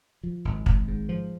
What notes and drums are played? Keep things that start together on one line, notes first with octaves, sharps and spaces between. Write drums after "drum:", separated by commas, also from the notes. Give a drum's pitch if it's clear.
F3
G#1
G#1, drum: kick
G#2
F3